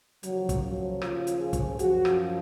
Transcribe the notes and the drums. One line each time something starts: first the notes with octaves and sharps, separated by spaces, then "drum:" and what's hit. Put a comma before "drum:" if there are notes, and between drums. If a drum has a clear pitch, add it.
D#2 C#3 F3 F#3, drum: hi-hat
drum: kick, hi-hat
F#3
F4, drum: rim click
drum: hi-hat
G#4
drum: kick, hi-hat
F#2 F3 F#4, drum: hi-hat
drum: rim click